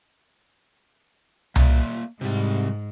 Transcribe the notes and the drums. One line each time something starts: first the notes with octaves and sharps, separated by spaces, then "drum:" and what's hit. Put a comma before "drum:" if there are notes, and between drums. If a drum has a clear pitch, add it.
A#3 D5 E5, drum: tom C2
G#2 C3 G3